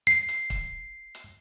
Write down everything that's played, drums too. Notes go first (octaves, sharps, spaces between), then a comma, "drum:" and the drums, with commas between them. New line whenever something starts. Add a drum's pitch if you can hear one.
C7, drum: hi-hat
drum: hi-hat
drum: kick, hi-hat
drum: hi-hat